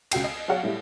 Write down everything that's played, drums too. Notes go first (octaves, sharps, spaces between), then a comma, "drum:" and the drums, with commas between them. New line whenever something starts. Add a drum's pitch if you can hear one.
C#2 F#4 G5 C7, drum: cymbal
D#5
F#3 G#4 C#5 D5 F5 F#5
A2 G3 E4